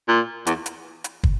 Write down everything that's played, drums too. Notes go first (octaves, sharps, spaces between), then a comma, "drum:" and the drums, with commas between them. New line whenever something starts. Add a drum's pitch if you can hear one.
A#2
E2, drum: hi-hat
drum: hi-hat
drum: hi-hat
drum: kick